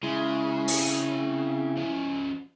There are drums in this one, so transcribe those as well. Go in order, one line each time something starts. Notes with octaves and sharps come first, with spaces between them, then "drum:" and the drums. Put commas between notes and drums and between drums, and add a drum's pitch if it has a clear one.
C#3 G#3 E4
drum: open hi-hat
C4 G#5
F3 C#4